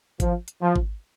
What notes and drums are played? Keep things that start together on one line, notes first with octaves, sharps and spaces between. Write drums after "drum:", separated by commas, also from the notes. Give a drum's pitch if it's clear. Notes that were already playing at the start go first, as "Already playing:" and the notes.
F3, drum: kick G#1, hi-hat
drum: hi-hat
F3
drum: kick G#1